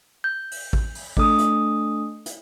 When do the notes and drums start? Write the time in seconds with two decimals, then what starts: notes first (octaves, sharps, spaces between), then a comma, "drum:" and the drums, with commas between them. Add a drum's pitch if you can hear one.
0.24 G6
0.51 drum: open hi-hat
0.73 drum: kick A1
0.95 drum: open hi-hat
1.17 A3 D4 A4 D#6, drum: kick A1
1.39 drum: hi-hat
2.26 drum: hi-hat